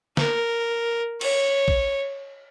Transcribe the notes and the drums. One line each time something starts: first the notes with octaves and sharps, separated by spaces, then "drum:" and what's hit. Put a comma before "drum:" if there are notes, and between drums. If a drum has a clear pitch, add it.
A#4, drum: snare
C#5, drum: cymbal
drum: kick A#1